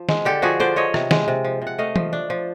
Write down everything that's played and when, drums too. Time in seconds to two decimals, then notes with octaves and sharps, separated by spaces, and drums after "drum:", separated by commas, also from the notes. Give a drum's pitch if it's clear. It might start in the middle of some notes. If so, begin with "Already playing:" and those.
Already playing: F3
0.09 G#3, drum: snare
0.25 D3 G4 A4
0.42 F3 F#4 G#4
0.60 D3 C5 D5
0.76 F3 C#5 D#5
0.94 C3, drum: rim click
1.11 G#3, drum: snare
1.28 C3
1.44 F3
1.62 C3
1.67 F#5
1.78 A3 D#5 F5
1.96 F3, drum: tom E3
2.13 D4
2.30 F3